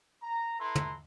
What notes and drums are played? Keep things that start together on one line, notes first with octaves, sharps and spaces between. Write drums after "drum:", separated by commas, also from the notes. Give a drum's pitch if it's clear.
A#5
E4 A4 B4 A#5 C6
drum: tom